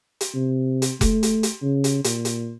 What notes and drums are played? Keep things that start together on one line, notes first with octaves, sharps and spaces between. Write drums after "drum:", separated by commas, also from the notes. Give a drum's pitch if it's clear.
drum: hi-hat
C3
drum: hi-hat
A3, drum: kick F1, hi-hat
drum: hi-hat
drum: hi-hat
C#3
drum: hi-hat
A#2, drum: hi-hat
drum: hi-hat